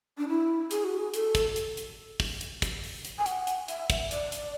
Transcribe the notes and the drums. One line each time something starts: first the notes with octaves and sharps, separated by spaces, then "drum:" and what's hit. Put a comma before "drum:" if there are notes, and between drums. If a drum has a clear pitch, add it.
D4
E4
G#4, drum: hi-hat
F#4
G#4
A4, drum: hi-hat
drum: kick, hi-hat
drum: hi-hat
drum: hi-hat
drum: kick, open hi-hat
drum: hi-hat
drum: kick, hi-hat
drum: open hi-hat
drum: hi-hat
G#5
F#5, drum: hi-hat
drum: hi-hat
E5, drum: hi-hat
drum: kick, hi-hat
D5, drum: hi-hat
drum: hi-hat